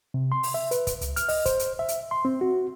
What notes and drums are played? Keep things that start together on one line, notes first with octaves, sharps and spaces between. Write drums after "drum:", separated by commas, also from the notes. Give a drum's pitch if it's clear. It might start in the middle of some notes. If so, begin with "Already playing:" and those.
C3
C6
drum: open hi-hat
E5
B4, drum: hi-hat
drum: kick, hi-hat
C#2, drum: hi-hat
F6, drum: hi-hat
D#5, drum: open hi-hat
C5, drum: kick, hi-hat
drum: hi-hat
E5
drum: hi-hat
C6
C4
F#4